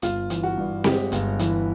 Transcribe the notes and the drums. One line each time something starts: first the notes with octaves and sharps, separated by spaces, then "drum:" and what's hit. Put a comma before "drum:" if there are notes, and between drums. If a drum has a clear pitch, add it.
G1 F4, drum: hi-hat
E3, drum: hi-hat
F#4
G2
G#3 G4, drum: snare C4
G1, drum: hi-hat
E3, drum: hi-hat